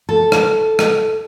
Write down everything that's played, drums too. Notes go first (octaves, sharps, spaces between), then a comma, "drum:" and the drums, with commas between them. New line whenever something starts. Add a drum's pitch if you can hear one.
A4
drum: rim click
drum: rim click